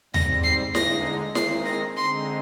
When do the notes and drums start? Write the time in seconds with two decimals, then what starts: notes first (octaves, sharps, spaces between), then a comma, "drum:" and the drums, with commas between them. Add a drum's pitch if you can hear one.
0.14 G#2 G3 C4 A#6, drum: tom D#2
0.44 C7
0.75 D3 G#3 D#4 A#6, drum: snare E4
1.35 D#3 G#3 C4 D#4 C7, drum: snare E4
1.65 A#6
1.96 D3 G#3 C4 D#4 C6